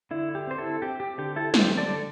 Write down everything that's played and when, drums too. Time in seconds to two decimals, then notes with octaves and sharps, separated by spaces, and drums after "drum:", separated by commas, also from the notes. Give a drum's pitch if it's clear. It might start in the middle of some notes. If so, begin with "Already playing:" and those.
0.11 D3 E4
0.35 G4
0.47 C4 C5
0.58 E4 A4
0.82 C4 G4
1.00 G4
1.18 D3 G4
1.36 E4 A4
1.54 D3 G4 C5, drum: snare
1.77 A4 D5
1.89 D3